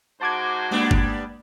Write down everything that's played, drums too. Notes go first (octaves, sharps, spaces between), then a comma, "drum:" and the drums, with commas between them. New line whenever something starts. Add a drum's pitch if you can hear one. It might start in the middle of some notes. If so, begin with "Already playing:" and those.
G#2 F#4 C5 A5 D6 G#6
G3 G#3 A#3 B3 D4
drum: kick